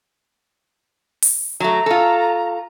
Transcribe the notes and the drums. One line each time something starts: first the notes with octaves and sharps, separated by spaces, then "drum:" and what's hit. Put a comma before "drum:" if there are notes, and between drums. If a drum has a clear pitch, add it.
drum: open hi-hat
F#3 A3 A#5
F4 A4